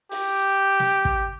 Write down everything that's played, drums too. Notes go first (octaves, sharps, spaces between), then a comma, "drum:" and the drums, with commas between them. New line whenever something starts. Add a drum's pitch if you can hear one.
G4, drum: open hi-hat
drum: snare
drum: kick